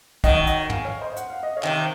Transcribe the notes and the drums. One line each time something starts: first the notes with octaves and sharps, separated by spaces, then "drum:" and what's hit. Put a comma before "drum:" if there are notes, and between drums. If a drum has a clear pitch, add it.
D#3 F#3 D#5 F#5, drum: kick, hi-hat
D#5 F#5, drum: hi-hat
F5 G#5, drum: tom
C#5 F5
C5 D#5
F#5, drum: hi-hat
F5
D#5
C#5 F5
C3 D#3, drum: clap